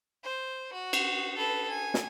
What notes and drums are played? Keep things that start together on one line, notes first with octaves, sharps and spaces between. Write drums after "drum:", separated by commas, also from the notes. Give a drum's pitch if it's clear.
C5
F#4
drum: cymbal
A4 B4
G#5
drum: snare